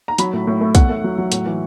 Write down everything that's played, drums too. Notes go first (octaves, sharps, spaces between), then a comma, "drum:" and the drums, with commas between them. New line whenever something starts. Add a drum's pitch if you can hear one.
A#5
F#3 B5, drum: hi-hat
A2
A2
A3
E2 F#5, drum: kick, hi-hat
A3
F#3
F#3
A2, drum: hi-hat
E3